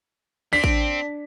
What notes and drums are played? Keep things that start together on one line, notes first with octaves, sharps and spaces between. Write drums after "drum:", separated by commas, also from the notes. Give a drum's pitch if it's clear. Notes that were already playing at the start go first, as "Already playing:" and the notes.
C4 D4 B6
drum: kick A1